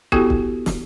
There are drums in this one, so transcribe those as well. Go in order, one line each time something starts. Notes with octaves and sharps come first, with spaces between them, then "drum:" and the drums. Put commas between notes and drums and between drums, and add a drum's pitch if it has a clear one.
B3 E4 F#4 G4 A4 G5, drum: kick
drum: kick
drum: snare